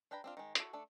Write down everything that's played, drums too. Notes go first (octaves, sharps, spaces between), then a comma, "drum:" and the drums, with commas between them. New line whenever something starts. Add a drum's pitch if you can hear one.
D4 B4 G5 A#5 B5
C4 D4 F4
D#3 G#3
E4 F#4 A4, drum: hi-hat
A3 D4 A4